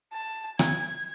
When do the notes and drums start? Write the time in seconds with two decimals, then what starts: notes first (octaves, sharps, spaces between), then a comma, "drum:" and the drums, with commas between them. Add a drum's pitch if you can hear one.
0.12 A5
0.59 G#6, drum: rim click